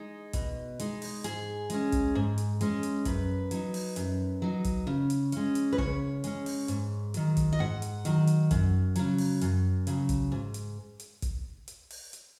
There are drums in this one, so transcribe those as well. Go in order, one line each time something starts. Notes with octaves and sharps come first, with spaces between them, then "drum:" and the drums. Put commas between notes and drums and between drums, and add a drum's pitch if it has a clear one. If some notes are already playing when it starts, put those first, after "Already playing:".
Already playing: G#3 D#4
B2, drum: kick, hi-hat
G#3 D#4, drum: hi-hat
drum: open hi-hat
G#2 G#4, drum: hi-hat
G#3 C#4, drum: hi-hat
drum: kick, hi-hat
G#2
drum: hi-hat
G#3 C#4, drum: hi-hat
drum: hi-hat
F#2 B4, drum: kick, hi-hat
F#3 D#4, drum: hi-hat
drum: open hi-hat
F#2, drum: hi-hat
F#3 D#4
drum: kick, hi-hat
C#3
drum: hi-hat
G#3 C#4, drum: hi-hat
drum: hi-hat
B4
C#3 C#5, drum: kick
G#3 C#4, drum: hi-hat
drum: open hi-hat
G#2, drum: hi-hat
D#3 F#3, drum: hi-hat
drum: kick, hi-hat
D#5
G#2 F#5
drum: hi-hat
D#3 F#3, drum: hi-hat
drum: hi-hat
F#2, drum: kick, hi-hat
C#3 F#3, drum: hi-hat
drum: open hi-hat
F#2, drum: hi-hat
C#3 F#3, drum: hi-hat
drum: kick, hi-hat
G#2
drum: hi-hat
drum: hi-hat
drum: kick, hi-hat
drum: hi-hat
drum: open hi-hat
drum: hi-hat